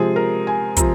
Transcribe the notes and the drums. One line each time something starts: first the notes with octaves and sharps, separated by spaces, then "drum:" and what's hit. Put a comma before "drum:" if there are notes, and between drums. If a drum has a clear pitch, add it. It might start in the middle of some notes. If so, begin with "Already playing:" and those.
Already playing: C3 F3 G#3 G#4
A#4
G#5
C3 F3 A#5, drum: kick, hi-hat